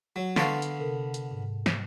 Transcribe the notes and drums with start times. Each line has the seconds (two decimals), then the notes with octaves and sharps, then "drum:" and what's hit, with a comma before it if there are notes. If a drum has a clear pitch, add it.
0.16 F#3
0.36 D3 B3 F5 C6 C#6 A6, drum: snare
0.62 drum: hi-hat
0.79 C3 A4 A#4
1.14 drum: hi-hat
1.31 G#2
1.66 drum: snare